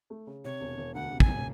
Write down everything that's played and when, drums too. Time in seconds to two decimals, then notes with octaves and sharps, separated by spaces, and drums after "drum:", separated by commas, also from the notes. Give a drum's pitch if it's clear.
0.10 A3
0.27 C#3
0.45 C3 C#5
0.61 E1
0.78 E1
0.94 D2 F#5
1.11 C3
1.20 G#5, drum: kick
1.29 E1